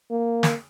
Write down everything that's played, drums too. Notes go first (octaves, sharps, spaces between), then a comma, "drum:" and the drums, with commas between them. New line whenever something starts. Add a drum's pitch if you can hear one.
A#3
drum: snare